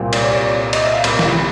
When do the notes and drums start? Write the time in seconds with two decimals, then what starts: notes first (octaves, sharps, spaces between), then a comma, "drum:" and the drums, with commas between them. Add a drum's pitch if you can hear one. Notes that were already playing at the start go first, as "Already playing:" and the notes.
Already playing: C2 A#2 G3 C4
0.13 D5, drum: cymbal
0.23 C#5
0.34 D5
0.73 D#5, drum: cymbal
0.84 E5
0.94 F5
1.04 C2 A#2 G3 A#3 B5, drum: cymbal
1.19 drum: snare